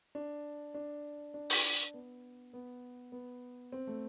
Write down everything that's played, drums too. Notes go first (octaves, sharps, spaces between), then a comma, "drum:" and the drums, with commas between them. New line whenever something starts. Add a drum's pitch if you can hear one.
D4
D4
D4
drum: open hi-hat
B3
B3
B3
C4
A3